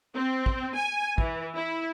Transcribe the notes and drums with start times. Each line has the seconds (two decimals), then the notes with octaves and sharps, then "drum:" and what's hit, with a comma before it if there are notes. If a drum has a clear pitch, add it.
0.15 C4
0.46 drum: kick
0.76 G#5
1.18 E3, drum: kick
1.56 E4